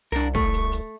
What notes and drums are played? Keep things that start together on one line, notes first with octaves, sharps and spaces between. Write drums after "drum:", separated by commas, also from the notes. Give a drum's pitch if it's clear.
C2 D4 A#4
A3 C#6, drum: kick
drum: hi-hat
drum: hi-hat